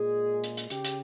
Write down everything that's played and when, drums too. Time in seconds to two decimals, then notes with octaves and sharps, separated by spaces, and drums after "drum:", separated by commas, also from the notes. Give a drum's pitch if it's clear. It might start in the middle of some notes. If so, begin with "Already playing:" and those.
Already playing: A#2 G#3 G#4
0.44 drum: hi-hat
0.57 drum: hi-hat
0.70 C#3 G4, drum: hi-hat
0.85 drum: hi-hat